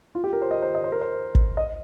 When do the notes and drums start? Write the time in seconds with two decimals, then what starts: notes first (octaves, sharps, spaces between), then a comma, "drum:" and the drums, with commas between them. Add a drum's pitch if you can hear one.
0.15 F4
0.24 G4
0.33 A#4
0.42 C5
0.51 D#5
0.62 C5
0.75 D#5
0.84 C5
0.92 A#4
1.01 C5
1.35 drum: kick
1.57 D#5